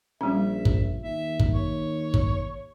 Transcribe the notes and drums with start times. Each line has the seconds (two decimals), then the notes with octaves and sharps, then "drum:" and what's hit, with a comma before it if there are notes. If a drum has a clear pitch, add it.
0.21 A#1 G3 C#4 E5
0.65 drum: kick
1.02 D#2 E5
1.40 drum: kick
1.53 C#5
2.14 drum: kick